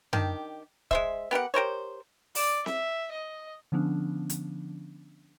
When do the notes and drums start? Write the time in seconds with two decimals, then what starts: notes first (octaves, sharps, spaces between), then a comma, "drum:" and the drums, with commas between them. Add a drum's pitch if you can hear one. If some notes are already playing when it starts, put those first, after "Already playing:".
0.13 D#3 D4 G4, drum: tom F#2
0.91 G#3 C5 E5, drum: kick D1
1.31 B3 G4 A#4 F#5
1.54 G4 A#4 C5 C#5
2.35 D5, drum: open hi-hat
2.66 E5, drum: snare C4
3.11 D#5
3.72 D3 F3 B3 C#4 D4
4.30 drum: hi-hat